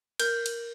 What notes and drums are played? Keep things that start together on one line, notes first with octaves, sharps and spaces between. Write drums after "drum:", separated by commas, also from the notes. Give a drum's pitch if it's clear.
A#4 G6, drum: cymbal
drum: cymbal